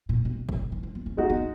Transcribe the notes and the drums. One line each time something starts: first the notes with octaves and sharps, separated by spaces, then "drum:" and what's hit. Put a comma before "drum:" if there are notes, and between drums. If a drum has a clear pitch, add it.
A#2
B2
B2, drum: kick
D#3
F3
B3
C#4
G#3 B3 D#4 F#4
B3